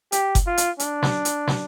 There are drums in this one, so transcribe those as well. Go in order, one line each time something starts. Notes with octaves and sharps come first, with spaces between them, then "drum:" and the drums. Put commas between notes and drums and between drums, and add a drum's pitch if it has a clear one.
G4, drum: hi-hat
drum: kick F#1, hi-hat
F4
drum: hi-hat
D4, drum: hi-hat
drum: snare
drum: hi-hat
drum: snare